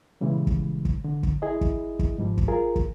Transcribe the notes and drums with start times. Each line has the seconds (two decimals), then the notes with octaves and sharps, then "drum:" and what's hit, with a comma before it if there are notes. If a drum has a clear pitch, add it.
0.21 A#2 C#3 E3 G3 G#3
0.47 drum: kick
0.85 drum: kick
1.04 D3
1.23 drum: kick
1.42 E4 G#4 D#5
1.61 drum: kick
1.99 drum: kick
2.18 G#2 F3 G3
2.37 drum: kick
2.48 F4 G#4 A#4
2.76 drum: kick